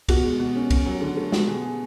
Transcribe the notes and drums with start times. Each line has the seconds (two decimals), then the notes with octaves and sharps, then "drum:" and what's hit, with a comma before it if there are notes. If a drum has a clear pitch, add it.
0.08 B2 F#4, drum: kick, cymbal
0.24 G#3
0.39 B2
0.56 C#4
0.70 C#4, drum: kick, cymbal
0.86 F#3
1.01 D3
1.17 A3
1.32 B3 F#4, drum: snare G#3
1.47 B2 G#4
1.64 G#4